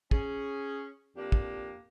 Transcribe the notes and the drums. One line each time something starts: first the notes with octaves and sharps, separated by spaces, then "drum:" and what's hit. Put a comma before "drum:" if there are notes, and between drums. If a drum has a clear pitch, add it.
C#4 G#4, drum: kick
F2 A#3 D4 G4
drum: kick